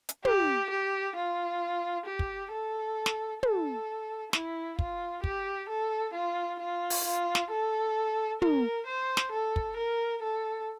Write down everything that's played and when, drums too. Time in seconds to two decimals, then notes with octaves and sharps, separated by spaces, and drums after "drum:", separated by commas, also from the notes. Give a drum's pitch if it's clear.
0.09 drum: hi-hat
0.25 G4, drum: tom
0.70 G4
1.16 F4
2.06 G4
2.19 drum: kick
2.52 A4
3.06 drum: snare
3.43 A4, drum: tom
4.33 E4, drum: snare
4.79 F4, drum: kick
5.24 G4, drum: kick
5.69 A4
6.14 F4
6.60 F4
6.90 drum: open hi-hat
7.05 F4
7.35 drum: snare
7.50 A4
8.42 A#4, drum: tom
8.87 C5
9.17 drum: snare
9.32 A4
9.56 drum: kick
9.77 A#4
10.23 A4